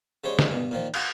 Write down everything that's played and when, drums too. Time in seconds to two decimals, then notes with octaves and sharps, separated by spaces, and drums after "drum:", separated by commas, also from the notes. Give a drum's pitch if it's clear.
0.24 C#3 G3 G#3 C5 C#5
0.39 drum: snare
0.48 G2 B2
0.71 A#2 D#3 F3
0.94 F#4 F5 G#5, drum: cymbal